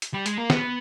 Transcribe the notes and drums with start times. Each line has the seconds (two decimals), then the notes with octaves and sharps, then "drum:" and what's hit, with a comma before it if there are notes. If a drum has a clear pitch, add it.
0.02 drum: hi-hat
0.14 G3
0.26 G#3, drum: hi-hat
0.38 A#3
0.50 B3, drum: snare